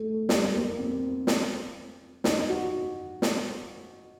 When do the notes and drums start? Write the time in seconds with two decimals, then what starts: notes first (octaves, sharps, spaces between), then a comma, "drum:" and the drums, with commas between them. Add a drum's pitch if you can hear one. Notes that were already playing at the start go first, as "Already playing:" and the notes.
Already playing: A3
0.29 G3, drum: snare
0.54 A#3
0.78 C4
1.27 drum: snare
2.24 D#4, drum: snare
2.49 F#4
3.22 drum: snare